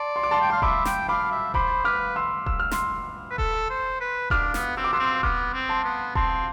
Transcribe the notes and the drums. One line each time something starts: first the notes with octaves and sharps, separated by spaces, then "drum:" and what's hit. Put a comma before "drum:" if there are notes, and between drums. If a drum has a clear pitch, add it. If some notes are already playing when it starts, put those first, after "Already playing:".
Already playing: D5 A5 C6
C6
D6
A5 C6
G5
F5 C6
E5 B5 D6, drum: kick D#1
G5, drum: snare
F5 B5 D6
E5
C5 B5 D6, drum: kick D#1
B4 D6 F6
C6 E6
E6, drum: kick D#1
F6
C6 E6, drum: snare
B4
A4, drum: kick D#1
C5
B4
D4 D6 F6, drum: kick D#1
B3, drum: snare
C4 E6
D6
B3 C6 E6
C4
B3 D6 F6, drum: kick D#1
C4
A5 C6
B3
C4 A5 C6, drum: kick D#1